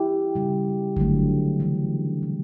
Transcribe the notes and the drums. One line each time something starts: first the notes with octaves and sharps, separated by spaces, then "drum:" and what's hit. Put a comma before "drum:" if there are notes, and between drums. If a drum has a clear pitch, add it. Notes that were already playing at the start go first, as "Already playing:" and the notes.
Already playing: E4 G4
C#3 G3
D3 F#3 A3, drum: kick G#1
C#3 E3 A3
B2 G3